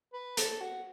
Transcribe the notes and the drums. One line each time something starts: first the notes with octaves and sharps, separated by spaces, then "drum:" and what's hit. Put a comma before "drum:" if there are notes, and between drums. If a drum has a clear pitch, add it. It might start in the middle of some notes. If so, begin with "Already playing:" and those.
B4
A4, drum: hi-hat
F#4